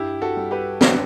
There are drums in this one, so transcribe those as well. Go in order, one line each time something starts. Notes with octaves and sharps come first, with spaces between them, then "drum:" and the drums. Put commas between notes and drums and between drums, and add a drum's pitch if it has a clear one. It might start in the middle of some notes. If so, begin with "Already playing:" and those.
Already playing: G2 E4 G4
F#4 A4
G3
G4 B4
D3 B4 D5, drum: snare